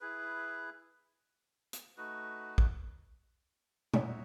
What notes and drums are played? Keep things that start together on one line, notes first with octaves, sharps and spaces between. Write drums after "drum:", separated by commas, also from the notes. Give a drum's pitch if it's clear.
E4 G#4 B4
drum: hi-hat
A3 D#4 F#4 B4
drum: kick A1
D#4 F#4 C#5 E5, drum: tom